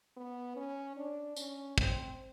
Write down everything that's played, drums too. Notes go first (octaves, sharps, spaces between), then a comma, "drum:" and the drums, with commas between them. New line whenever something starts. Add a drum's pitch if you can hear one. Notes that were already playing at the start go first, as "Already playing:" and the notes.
B3
C#4
D4
C#4, drum: tambourine
C4, drum: kick